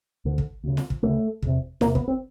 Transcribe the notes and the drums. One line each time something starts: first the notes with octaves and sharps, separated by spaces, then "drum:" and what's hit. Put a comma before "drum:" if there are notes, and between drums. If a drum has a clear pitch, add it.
D2 D3
drum: kick
D2 C#3
drum: snare
drum: kick
D2 C#3 A3
E2 C3, drum: kick
E2 C3 A#3, drum: snare
B3, drum: kick
C4